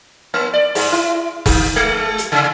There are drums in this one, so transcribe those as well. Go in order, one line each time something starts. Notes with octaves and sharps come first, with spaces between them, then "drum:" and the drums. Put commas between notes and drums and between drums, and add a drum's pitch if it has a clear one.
A#3
D5
G#2, drum: open hi-hat
E4
D3, drum: kick E1, open hi-hat
G#3
drum: hi-hat
C3